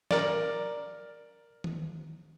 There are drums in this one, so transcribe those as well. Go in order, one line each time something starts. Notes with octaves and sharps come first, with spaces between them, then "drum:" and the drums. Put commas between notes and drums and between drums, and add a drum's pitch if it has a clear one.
A#4 D5, drum: snare
drum: tom D#3